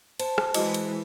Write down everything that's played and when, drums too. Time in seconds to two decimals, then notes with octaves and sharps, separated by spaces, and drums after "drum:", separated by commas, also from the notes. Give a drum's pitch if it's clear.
0.20 C5 A5, drum: cymbal
0.38 drum: rim click
0.54 E3 G#3 E4 F#4 D#5, drum: cymbal
0.74 drum: cymbal